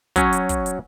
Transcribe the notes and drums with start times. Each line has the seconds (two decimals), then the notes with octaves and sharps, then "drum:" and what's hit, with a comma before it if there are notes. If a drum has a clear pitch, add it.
0.16 F#3 C#4, drum: kick, hi-hat
0.33 drum: hi-hat
0.49 drum: kick, hi-hat
0.66 drum: hi-hat